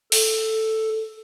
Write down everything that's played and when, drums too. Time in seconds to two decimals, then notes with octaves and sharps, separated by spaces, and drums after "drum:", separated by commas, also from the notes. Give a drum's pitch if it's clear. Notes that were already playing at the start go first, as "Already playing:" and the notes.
0.12 A4, drum: open hi-hat